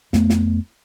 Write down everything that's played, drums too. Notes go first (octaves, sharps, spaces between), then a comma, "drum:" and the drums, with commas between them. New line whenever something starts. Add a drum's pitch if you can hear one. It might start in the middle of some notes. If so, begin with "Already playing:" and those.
F2 A3 B3, drum: snare
drum: snare